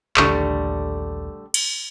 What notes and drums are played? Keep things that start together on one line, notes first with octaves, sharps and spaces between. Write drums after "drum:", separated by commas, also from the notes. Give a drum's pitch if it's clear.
A#1 D#2 D3 G3 A3 D4, drum: clap
drum: cymbal